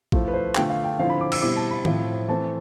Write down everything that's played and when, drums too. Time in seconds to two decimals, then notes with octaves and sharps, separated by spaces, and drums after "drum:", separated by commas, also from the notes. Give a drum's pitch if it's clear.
0.12 F3 A3 E4, drum: kick A#1
0.28 B4
0.34 C5
0.55 D3 A3 D4 F4 G5, drum: clap
0.70 F5
0.84 G5
0.99 D3 F3 C4 E4 F5
1.10 B5
1.21 D6
1.32 E6, drum: cymbal
1.41 B2 G3 C4 E4 D6
1.56 A5
1.71 B5
1.85 A2 F3 C4 E4, drum: tom D#3
2.28 E3 A3 C4 A5